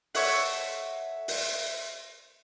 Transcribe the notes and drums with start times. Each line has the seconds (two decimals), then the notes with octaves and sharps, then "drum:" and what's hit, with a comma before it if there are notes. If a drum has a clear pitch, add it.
0.15 A4 C#5 E5 F#5, drum: open hi-hat
1.28 drum: open hi-hat